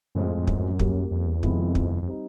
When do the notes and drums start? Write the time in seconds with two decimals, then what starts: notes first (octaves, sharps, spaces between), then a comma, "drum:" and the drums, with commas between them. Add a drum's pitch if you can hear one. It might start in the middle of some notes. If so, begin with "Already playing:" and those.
0.15 F#2 A2 F3 G#3 C4 F4
0.26 F2
0.37 F2
0.47 F#2, drum: kick
0.79 G3 A#3 C#4, drum: kick
1.11 F2
1.27 E2
1.43 F2 C3 D#3 G#3 B3 E4, drum: kick
1.75 drum: kick
2.02 F2
2.08 G3 C4 D#4